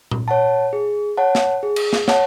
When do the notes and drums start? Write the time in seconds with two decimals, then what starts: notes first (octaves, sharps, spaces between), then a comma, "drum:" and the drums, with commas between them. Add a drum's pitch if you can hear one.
0.11 drum: tom A#2
0.28 C#5 F#5 A5
0.73 G#4
1.17 C#5 F#5 A5
1.35 drum: snare
1.63 G#4
1.76 drum: cymbal
1.93 drum: snare
2.08 C#5 F#5 A5, drum: snare